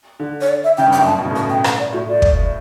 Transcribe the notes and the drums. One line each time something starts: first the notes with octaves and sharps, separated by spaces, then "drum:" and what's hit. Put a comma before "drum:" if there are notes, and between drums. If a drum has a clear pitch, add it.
D3
C#5
D5
E5
C#3 G5
G2
G5
F#2
G2 A5
B2
C#3
A2
B2 A5
G5
F#5, drum: rim click
D5
A2 F#4
D5
drum: kick